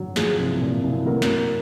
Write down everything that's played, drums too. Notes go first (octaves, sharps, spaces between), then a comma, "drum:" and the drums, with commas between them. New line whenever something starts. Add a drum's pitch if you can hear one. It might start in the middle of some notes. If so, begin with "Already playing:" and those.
Already playing: F#3
F3 G#4, drum: snare
C2
A#2
C2
F#3 A#4
drum: snare